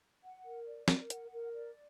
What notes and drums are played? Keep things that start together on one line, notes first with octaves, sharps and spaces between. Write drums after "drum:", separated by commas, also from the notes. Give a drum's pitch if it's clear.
F#5
A#4
D5
A#4, drum: snare
F#5, drum: hi-hat
A#4
D5